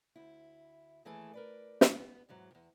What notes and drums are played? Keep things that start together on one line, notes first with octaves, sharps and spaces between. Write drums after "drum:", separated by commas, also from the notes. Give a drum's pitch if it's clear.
D2 E4
D#2 E3 A3 G#4 A4
A#4 B4 D5
drum: snare
B3
E2 G#2 F#3
E2 G2